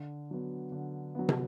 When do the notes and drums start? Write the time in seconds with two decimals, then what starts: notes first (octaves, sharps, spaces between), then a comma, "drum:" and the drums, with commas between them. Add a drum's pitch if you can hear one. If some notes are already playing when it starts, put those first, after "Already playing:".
Already playing: D3
0.31 F#3 B3
0.72 D3
1.15 F#3 B3
1.29 drum: tom